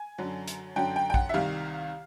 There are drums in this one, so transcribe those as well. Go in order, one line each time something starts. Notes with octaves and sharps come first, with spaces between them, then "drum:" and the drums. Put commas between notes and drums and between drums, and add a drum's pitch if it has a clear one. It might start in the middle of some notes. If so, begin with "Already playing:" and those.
Already playing: G#5
F#2 D3 F#3
drum: hi-hat
F#2 D3 F#3 G5
G5
G5
F#5, drum: kick
E5
C2 C3 D#3 F5